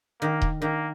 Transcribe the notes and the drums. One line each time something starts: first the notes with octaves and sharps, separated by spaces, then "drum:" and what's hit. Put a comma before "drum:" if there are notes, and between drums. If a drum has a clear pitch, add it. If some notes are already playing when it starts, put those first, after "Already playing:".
D#3 A#3
drum: kick D#1
D#3 A#3